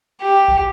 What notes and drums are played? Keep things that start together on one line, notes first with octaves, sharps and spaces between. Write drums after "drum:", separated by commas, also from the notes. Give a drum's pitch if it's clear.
G4
drum: kick